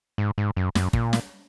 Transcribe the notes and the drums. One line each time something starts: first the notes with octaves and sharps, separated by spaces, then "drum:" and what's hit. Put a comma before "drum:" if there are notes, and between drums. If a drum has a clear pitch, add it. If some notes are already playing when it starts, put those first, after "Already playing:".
G#2
G#2
F#2
F#2, drum: snare
A#2, drum: kick
drum: snare